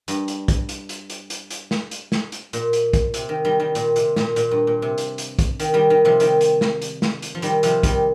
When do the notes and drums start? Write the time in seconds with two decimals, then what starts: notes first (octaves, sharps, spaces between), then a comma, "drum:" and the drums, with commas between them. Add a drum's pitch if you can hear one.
0.08 G2, drum: hi-hat
0.28 drum: hi-hat
0.48 drum: kick, hi-hat
0.69 drum: hi-hat
0.89 drum: hi-hat
1.10 drum: hi-hat
1.30 drum: hi-hat
1.50 drum: hi-hat
1.71 drum: snare
1.91 drum: hi-hat
2.12 drum: snare
2.32 drum: hi-hat
2.53 A#2, drum: hi-hat
2.73 drum: hi-hat
2.93 drum: kick, hi-hat
3.14 C3, drum: hi-hat
3.29 D#3
3.45 D#3 G3
3.60 D#3 G3
3.75 A#2, drum: hi-hat
3.96 C3, drum: hi-hat
4.16 A#2, drum: snare
4.36 A#2, drum: hi-hat
4.51 G2
4.67 A#2
4.82 C3
4.98 drum: hi-hat
5.18 drum: hi-hat
5.39 drum: kick, hi-hat
5.60 D#3, drum: hi-hat
5.74 D#3 G3
5.90 D#3
6.05 C3 F3
6.20 D#3 G3, drum: hi-hat
6.41 drum: hi-hat
6.61 drum: snare
6.82 drum: hi-hat
7.02 drum: snare
7.22 drum: hi-hat
7.35 F3
7.42 D#3 G3, drum: hi-hat
7.63 C3 F3, drum: hi-hat
7.83 D#3 G3, drum: kick, hi-hat